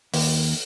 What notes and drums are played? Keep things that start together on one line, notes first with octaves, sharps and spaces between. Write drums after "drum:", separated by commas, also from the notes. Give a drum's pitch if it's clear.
D#2, drum: open hi-hat